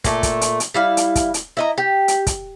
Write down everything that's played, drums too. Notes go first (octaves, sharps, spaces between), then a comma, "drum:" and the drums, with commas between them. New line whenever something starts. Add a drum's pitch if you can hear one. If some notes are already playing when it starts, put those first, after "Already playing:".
A#2 A3, drum: kick, hi-hat
drum: kick, hi-hat
drum: hi-hat
drum: hi-hat
G3 E4 F5
drum: hi-hat
drum: kick, hi-hat
drum: hi-hat
E4 D#5 A#5
G4
drum: hi-hat
drum: kick, hi-hat